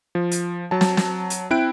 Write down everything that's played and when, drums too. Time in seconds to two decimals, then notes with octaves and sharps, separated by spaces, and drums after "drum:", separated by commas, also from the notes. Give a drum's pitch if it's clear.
0.15 F3
0.31 drum: hi-hat
0.71 F#3 A5
0.81 drum: snare
0.97 drum: snare
1.30 drum: hi-hat
1.50 C4 E4 G5 F#6 D7